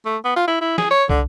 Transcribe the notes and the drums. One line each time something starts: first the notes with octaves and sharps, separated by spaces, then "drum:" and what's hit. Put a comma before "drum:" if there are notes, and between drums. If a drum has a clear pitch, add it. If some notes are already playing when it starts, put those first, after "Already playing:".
A3
B3
F4
E4
E4
G#4, drum: snare
C#5
D3, drum: kick